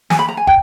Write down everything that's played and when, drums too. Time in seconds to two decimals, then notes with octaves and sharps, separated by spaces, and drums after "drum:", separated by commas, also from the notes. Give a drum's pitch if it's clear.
0.10 G#5, drum: snare
0.19 B5
0.29 A#5
0.37 G#5
0.47 G5, drum: kick